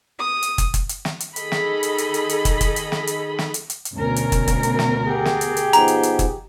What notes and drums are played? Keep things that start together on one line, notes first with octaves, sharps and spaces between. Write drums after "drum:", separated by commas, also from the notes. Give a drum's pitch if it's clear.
D#6
drum: hi-hat
drum: kick, hi-hat
drum: kick, hi-hat
drum: hi-hat
drum: snare
drum: hi-hat
D#3 G#4 A4 D#5 B5, drum: hi-hat
drum: snare
drum: hi-hat
drum: hi-hat
drum: hi-hat
drum: hi-hat
drum: kick, hi-hat
drum: kick, hi-hat
drum: hi-hat
drum: snare
drum: hi-hat
drum: snare
drum: hi-hat
drum: hi-hat
drum: hi-hat
D2 B2 C#4 A#4
drum: hi-hat
drum: kick, hi-hat
drum: kick, hi-hat
drum: hi-hat
drum: snare
G4 G#4 F#5
drum: snare
drum: hi-hat
drum: hi-hat
F3 B3 D#4 A#5, drum: hi-hat
drum: hi-hat
drum: hi-hat
drum: kick, hi-hat